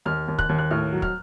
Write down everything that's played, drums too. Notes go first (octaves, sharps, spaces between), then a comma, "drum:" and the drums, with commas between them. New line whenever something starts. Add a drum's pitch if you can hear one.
D#2 F6
D#2
F#6, drum: kick
D#2
F#6
A2 F6
F#3
F6, drum: kick